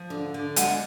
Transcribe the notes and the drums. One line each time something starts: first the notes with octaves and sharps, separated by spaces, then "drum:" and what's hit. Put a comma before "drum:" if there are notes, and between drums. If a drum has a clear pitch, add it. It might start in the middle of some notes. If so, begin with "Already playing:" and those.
Already playing: F3
D3
D3
G#3 F#5 G#5, drum: hi-hat